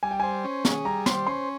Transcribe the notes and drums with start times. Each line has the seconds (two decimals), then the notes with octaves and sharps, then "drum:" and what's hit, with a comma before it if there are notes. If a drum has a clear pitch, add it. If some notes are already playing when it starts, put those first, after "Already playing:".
0.03 G3 G#5
0.11 G5
0.20 C5 G#5
0.44 C#4
0.65 G#4, drum: snare
0.85 G3 A#5
1.06 C5 C6, drum: snare
1.27 C#4 C6